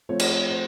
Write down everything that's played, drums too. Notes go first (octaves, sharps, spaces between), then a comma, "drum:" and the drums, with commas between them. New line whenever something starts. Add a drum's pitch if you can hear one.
F3 A3 C4 C#5
drum: cymbal
C#5
C5